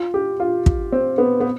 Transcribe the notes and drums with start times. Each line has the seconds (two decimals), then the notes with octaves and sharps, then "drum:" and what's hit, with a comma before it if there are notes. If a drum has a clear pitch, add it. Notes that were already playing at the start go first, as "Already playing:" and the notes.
Already playing: F4
0.14 G4
0.40 F4
0.66 drum: kick
0.92 C4
1.18 B3
1.40 B3